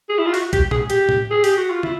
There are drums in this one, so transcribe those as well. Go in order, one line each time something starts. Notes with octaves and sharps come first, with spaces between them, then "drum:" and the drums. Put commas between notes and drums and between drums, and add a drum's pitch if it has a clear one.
G#4
E4
F4
F#4, drum: open hi-hat
G4, drum: kick B1, hi-hat
G#4, drum: tom A#2
G4, drum: hi-hat
drum: tom A2
G#4
G4, drum: open hi-hat
F#4
F4
E4, drum: tom